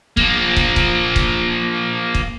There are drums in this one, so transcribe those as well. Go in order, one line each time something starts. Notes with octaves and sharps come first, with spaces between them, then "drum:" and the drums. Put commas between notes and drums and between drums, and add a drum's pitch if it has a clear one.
F3 A#3, drum: kick
drum: kick
drum: kick
drum: kick
drum: kick